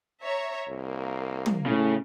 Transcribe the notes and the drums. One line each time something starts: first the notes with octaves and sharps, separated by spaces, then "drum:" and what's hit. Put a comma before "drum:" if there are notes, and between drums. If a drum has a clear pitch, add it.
C#5 E5 A#5
C2 A#3
drum: tom
A2 C#3